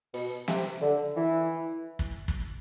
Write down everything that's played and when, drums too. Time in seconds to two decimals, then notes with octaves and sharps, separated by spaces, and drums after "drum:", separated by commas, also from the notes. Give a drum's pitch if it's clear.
0.14 B2, drum: open hi-hat
0.48 C3, drum: snare
0.82 D3
1.16 E3
1.99 drum: kick
2.28 drum: kick